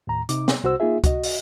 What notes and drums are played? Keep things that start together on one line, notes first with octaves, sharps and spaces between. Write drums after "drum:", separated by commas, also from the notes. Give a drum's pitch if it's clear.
D#2 A2 A#5
C3 D#4 D6, drum: hi-hat
drum: snare
C2 F#4 C5 E6
A#3 D#4 F4 G#4 E5
F#4 D#5, drum: kick C#2, hi-hat
drum: open hi-hat